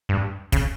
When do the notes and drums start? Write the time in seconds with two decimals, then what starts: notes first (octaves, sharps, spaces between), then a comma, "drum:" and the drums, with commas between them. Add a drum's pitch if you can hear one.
0.09 G2
0.52 C#3, drum: kick, hi-hat